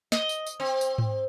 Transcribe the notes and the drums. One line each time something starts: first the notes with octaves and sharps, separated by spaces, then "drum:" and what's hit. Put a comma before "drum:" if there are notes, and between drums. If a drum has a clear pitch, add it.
D#5, drum: snare
drum: tambourine
drum: tambourine
C4
drum: tambourine
drum: tom G#2